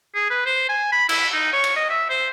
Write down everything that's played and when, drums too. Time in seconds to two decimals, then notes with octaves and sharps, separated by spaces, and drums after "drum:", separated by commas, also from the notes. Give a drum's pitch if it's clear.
0.15 G#4
0.30 B4
0.46 C5
0.69 G#5
0.92 B5
1.09 E4, drum: cymbal
1.33 D#4
1.53 C#5
1.64 drum: cymbal
1.76 D#5
1.90 E5
2.10 C5